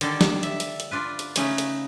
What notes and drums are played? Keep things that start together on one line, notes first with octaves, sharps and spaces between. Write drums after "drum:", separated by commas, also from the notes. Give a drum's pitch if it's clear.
D3 D#3 G3 D4 A4, drum: hi-hat
drum: snare
E5, drum: hi-hat
drum: hi-hat
drum: hi-hat
D4 F4 B4
drum: hi-hat
C#3 A3 C#4 D#4 B4, drum: hi-hat
drum: hi-hat